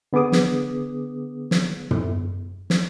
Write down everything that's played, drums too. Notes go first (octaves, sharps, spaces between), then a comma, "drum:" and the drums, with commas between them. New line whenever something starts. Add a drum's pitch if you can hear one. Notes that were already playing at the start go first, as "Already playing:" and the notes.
D3 B3 G#4 D6 D#6
drum: snare
drum: snare
drum: tom
drum: snare